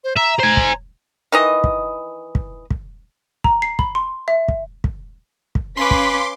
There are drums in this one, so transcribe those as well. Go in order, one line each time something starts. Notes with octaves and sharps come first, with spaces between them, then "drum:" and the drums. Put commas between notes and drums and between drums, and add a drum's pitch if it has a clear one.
C5
E5 A#5
C5 G#5
drum: kick
D#3 E3 D#5
drum: kick
drum: kick
drum: kick
A#5, drum: kick
C7
B5, drum: kick
C6
E5
drum: kick
drum: kick
drum: kick
C#4 B4 F5 C6 D6 B6
drum: kick